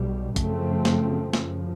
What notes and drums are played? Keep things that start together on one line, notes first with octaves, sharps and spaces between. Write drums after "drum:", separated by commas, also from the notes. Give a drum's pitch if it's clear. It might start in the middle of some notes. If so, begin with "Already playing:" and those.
Already playing: B1 B2 G3
F#2 C#3 F3 A3 C4, drum: kick, hi-hat
drum: snare
F#2 C#3 F3, drum: snare